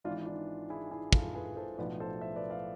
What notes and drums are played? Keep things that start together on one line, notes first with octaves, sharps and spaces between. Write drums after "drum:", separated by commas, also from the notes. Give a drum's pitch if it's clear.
G#1 G#2 E3 D4 F4
D4 F4
E4 G#4
E4 G#4
F4 A4, drum: kick
G#4 B4
A4 C5
B1 A2 F3 B4 D5
A4 C5
C5 E5
B4 D5
D5 F5